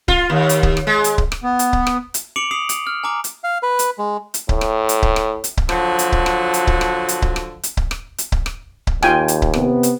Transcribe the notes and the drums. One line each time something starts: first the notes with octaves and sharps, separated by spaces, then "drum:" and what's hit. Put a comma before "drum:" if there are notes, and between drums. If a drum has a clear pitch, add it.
F4, drum: kick C#1
D#2
drum: hi-hat
drum: kick C#1
drum: rim click
G#3
drum: hi-hat
drum: kick C#1
drum: rim click
B3
drum: hi-hat
drum: kick C#1
drum: rim click
drum: hi-hat
D6 C#7 D7 F7 F#7
D#6 C7 F7
drum: hi-hat
F6
G#5 A#5 D6
drum: hi-hat
F5
B4
drum: hi-hat
G#3
drum: hi-hat
A2, drum: kick C#1
drum: rim click
drum: hi-hat
drum: kick C#1
drum: rim click
drum: hi-hat
drum: kick C#1
D3 F3 F#3 F#4, drum: rim click
drum: hi-hat
drum: kick C#1
drum: rim click
drum: hi-hat
drum: kick C#1
drum: rim click
drum: hi-hat
drum: kick C#1
drum: rim click
drum: hi-hat
drum: kick C#1
drum: rim click
drum: hi-hat
drum: kick C#1
drum: rim click
drum: kick C#1
D#2 F4 G5 G#5, drum: rim click
drum: hi-hat
drum: kick C#1
C3 B3, drum: rim click
drum: hi-hat